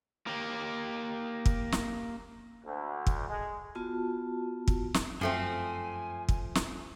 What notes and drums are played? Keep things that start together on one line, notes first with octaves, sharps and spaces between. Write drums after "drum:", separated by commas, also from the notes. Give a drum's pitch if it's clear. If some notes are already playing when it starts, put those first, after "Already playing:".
A#3 G4
drum: kick
drum: snare
D2
drum: kick
G#3
B3 F4 F#4 A5
drum: kick
drum: snare
F#2 F3 A3 C4 G#5
drum: kick
drum: snare